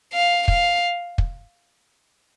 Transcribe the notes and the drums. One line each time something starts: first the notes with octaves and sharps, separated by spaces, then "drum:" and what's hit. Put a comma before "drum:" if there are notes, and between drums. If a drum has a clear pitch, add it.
F5
F5, drum: kick
drum: kick